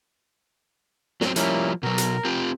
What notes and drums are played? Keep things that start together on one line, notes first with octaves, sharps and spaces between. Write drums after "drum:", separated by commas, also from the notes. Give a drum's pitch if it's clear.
F#3 C4, drum: snare
F3 G3 A#3 C#4 E4, drum: hi-hat
B2 F#3 A#4
drum: hi-hat
C4 F4 G4